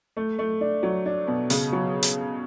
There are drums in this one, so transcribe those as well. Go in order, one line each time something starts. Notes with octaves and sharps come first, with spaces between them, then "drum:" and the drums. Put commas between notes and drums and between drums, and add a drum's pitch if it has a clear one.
A3
A3
D4
F#3
D4
B2
C#3, drum: open hi-hat
F#3
drum: hi-hat